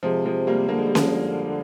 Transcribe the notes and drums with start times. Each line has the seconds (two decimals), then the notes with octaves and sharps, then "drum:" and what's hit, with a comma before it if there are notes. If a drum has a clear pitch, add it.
0.03 C3 F3 G#3
0.25 F3 G#3
0.47 G3 A#3
0.69 D3 A#3
0.78 G#3
0.87 G3
0.95 F3 G#3, drum: snare C#4